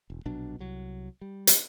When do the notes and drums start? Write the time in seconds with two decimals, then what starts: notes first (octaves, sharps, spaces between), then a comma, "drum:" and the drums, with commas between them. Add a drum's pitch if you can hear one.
0.10 E1
0.25 A#1 B2 F#3 D4
0.59 C2 F#3
1.21 G3
1.47 drum: hi-hat